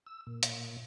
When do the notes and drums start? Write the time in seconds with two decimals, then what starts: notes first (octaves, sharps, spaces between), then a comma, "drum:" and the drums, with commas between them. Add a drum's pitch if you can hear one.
0.07 E6
0.27 A#2
0.43 drum: hi-hat